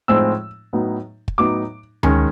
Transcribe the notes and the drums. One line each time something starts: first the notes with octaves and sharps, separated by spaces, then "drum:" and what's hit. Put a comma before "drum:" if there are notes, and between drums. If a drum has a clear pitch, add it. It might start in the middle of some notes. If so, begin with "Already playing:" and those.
A2 F3 G#3 C4 D#4 E6
A2 F#3 B3 D#4
drum: kick
A2 F#3 B3 D#4 D6
D#3 G#3 C#4, drum: tom D2